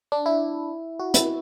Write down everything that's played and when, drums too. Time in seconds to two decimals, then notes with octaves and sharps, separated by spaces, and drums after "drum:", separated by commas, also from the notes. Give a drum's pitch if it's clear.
0.12 D4
0.26 E4
0.99 F#4
1.14 E4, drum: hi-hat